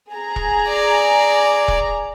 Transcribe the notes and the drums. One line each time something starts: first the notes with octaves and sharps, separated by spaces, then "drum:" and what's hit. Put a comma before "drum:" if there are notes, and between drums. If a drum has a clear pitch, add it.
G#4 A#5
drum: kick E1
D5
drum: kick E1